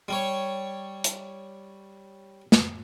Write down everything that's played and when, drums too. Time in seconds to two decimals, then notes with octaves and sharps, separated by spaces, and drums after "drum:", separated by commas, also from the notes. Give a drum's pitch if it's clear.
0.08 G3 C#5
1.04 drum: hi-hat
2.52 drum: snare